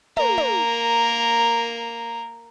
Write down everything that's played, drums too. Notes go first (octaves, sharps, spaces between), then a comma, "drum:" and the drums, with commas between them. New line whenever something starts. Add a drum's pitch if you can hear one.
A#3 A#4, drum: tom
drum: tom